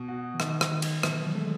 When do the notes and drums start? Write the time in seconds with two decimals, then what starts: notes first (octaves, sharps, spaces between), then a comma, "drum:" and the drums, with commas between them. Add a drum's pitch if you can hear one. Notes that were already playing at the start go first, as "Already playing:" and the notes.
Already playing: B2 B3
0.08 F#4
0.34 E3
0.40 D#3 D#4, drum: rim click
0.61 drum: rim click
0.72 D#3 D#4
0.82 drum: cymbal
1.03 B2 E3, drum: rim click
1.19 F#3
1.35 G#3 A3